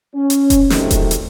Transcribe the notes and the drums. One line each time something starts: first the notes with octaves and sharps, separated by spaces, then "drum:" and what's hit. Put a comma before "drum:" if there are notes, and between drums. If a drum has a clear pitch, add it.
C#4
drum: hi-hat
drum: kick E1, hi-hat
C#2 C3 D#3 F#3 A3 D#4, drum: snare
drum: kick E1, hi-hat
drum: hi-hat